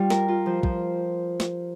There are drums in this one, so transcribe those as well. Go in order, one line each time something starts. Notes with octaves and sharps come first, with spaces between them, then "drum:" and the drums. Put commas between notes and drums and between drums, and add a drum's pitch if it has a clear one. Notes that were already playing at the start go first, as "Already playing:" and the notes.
Already playing: G3 F4
A#4, drum: snare
F4
F3
F3, drum: kick
drum: snare